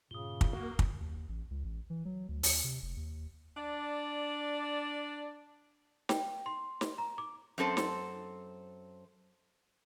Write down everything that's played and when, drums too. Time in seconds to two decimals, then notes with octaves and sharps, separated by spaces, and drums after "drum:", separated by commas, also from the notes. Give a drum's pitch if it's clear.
0.11 G2 A#2 C#3 F4 D#6 G7
0.41 drum: kick
0.53 A#3 F#4
0.79 drum: kick
1.00 D#2
1.29 A1
1.50 C#2
1.64 A1
1.90 E3
2.05 F#3
2.29 D2
2.43 D#2, drum: open hi-hat
2.64 C3
2.82 F1
2.96 D#2
3.57 D4 D5
6.09 G5, drum: snare
6.46 C6
6.81 drum: snare
6.98 A#5
7.18 D6
7.58 F#2 C4 A4 C5
7.77 drum: snare